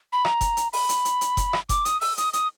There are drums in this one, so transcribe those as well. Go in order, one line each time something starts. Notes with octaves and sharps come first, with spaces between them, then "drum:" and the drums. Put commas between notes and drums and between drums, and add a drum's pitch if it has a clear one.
B5
A#5, drum: rim click
drum: kick F#1, hi-hat
drum: hi-hat
B5, drum: open hi-hat
drum: hi-hat
drum: hi-hat
drum: hi-hat
drum: kick F#1, hi-hat
drum: rim click
D6, drum: kick F#1, hi-hat
D#6, drum: hi-hat
E6, drum: open hi-hat
D#6, drum: hi-hat
D#6, drum: hi-hat